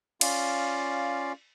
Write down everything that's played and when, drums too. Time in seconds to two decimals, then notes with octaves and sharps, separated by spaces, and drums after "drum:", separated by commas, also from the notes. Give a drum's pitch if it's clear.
0.21 C#4 F4 D5 F5, drum: cymbal